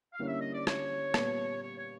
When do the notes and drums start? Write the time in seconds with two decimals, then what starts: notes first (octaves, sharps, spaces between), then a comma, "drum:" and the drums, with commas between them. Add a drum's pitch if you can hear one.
0.14 F5
0.19 D3 G3 A#3 C#4 E4
0.28 E5
0.41 D#5
0.54 D5
0.67 C#5, drum: rim click
1.14 A#2 G3 B3, drum: rim click
1.62 C#5
1.78 C#5